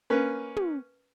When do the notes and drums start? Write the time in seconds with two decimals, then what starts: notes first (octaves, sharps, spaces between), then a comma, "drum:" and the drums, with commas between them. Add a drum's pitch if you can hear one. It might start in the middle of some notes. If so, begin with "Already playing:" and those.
0.10 A#3 C#4 B4
0.56 drum: tom